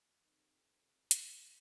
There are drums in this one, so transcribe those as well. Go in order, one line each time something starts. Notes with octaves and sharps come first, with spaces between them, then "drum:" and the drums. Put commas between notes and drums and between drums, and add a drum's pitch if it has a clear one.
F2 C3 D#3 D#4
drum: hi-hat